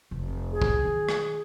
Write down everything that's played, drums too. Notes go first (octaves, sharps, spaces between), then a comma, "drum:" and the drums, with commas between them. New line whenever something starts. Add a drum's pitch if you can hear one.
F1
G#4
drum: kick
D#3
drum: rim click